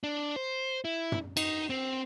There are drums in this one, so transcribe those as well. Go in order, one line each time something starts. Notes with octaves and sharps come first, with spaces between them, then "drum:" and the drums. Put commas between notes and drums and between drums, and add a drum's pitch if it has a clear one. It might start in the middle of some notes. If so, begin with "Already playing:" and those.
D4
C5
E4
drum: tom
D#4, drum: cymbal
C4